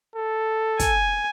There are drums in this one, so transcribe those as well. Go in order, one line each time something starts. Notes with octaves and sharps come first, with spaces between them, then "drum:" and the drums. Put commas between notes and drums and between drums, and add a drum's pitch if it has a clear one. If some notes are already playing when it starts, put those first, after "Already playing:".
A4
G#5, drum: kick, hi-hat